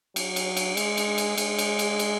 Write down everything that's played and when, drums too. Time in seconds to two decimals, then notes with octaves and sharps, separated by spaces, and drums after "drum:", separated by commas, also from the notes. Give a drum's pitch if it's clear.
0.16 F#3, drum: cymbal
0.36 drum: cymbal
0.57 drum: cymbal
0.77 G#3, drum: cymbal
0.97 drum: cymbal
1.18 drum: cymbal
1.38 G#3, drum: cymbal
1.58 drum: cymbal
1.79 drum: cymbal
1.99 drum: cymbal